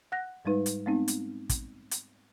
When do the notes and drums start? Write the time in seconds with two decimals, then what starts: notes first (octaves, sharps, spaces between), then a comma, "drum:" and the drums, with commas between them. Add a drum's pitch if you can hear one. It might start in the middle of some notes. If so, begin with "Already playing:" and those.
0.12 F#5 F#6 A#6
0.45 G#2 G3 G#3 D#4 B4
0.66 drum: hi-hat
0.86 G#3 A3 B3 C4 D#4
1.08 drum: hi-hat
1.49 drum: kick, hi-hat
1.91 drum: hi-hat